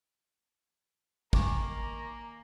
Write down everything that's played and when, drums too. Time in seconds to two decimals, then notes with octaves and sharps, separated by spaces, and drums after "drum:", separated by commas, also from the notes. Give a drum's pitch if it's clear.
1.33 D#3 A#3 A#4 G#5 A#5 D6, drum: kick